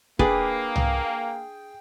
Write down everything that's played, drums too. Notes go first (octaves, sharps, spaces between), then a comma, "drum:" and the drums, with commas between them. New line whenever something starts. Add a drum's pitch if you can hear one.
A#3 D4 G#4 B4 D5 G5, drum: kick
drum: tom